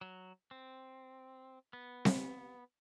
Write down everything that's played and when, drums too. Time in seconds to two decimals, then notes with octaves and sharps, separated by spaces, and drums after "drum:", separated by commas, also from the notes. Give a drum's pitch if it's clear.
0.01 F#3
0.51 C4
1.73 B3
2.05 drum: snare C4